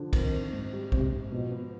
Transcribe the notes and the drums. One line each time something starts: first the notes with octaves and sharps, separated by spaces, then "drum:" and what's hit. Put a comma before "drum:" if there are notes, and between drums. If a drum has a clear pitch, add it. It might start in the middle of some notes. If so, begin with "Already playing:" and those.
Already playing: D3 F3
D#3 C4, drum: kick, cymbal
C4
G#2
G3
G#2 C3, drum: kick
G#2
B2 F3
B3